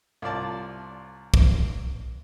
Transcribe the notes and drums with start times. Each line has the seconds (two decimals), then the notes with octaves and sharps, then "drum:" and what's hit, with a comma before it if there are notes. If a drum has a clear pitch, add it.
0.22 C2 F4 D5 A5
1.34 drum: kick